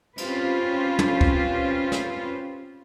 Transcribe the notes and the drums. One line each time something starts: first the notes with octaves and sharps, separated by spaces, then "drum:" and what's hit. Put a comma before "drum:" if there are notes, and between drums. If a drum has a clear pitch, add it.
C4 C#4 F4 G4 B4 C5, drum: cymbal
drum: tom
drum: kick C#2
drum: snare